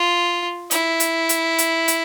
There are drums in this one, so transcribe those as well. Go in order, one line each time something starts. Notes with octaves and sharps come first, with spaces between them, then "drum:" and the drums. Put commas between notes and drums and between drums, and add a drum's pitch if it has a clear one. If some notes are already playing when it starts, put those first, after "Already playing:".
Already playing: F4
E4, drum: hi-hat
drum: hi-hat
drum: hi-hat
drum: hi-hat
drum: hi-hat